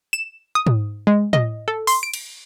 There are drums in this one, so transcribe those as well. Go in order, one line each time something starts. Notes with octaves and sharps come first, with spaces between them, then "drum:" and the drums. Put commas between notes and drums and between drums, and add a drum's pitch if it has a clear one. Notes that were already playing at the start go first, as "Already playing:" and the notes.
E7
D#6
drum: tom G#2
G#3
D#5, drum: tom
A4
C6, drum: open hi-hat
D7
drum: cymbal